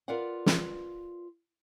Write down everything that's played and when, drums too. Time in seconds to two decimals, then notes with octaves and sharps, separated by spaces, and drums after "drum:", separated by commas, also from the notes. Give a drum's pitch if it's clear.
0.08 F4 A#4 B4 D5 F5 F#5
0.46 drum: snare